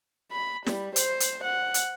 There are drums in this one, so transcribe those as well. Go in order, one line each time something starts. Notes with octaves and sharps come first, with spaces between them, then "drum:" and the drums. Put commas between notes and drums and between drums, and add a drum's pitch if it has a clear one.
B5
G3, drum: snare
C5, drum: hi-hat
drum: hi-hat
F#5
drum: hi-hat